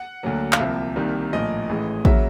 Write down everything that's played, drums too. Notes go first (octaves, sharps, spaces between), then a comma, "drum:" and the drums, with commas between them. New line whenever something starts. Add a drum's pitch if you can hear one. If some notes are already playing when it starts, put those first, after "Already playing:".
Already playing: F#5
D2 D3 F#3 A#3
F5, drum: clap
C2 C3 F3 A#3 E5
C2 C3 D#3 G3 A#3
A#1 A2 F3 A#3 D#5
A1 A2 E3 G#3
C#3 F#3 A#3 E5, drum: kick A1